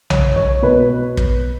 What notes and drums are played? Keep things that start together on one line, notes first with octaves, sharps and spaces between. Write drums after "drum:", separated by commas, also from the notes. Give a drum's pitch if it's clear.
C#5, drum: tom B1
C#5
B2 B4
drum: kick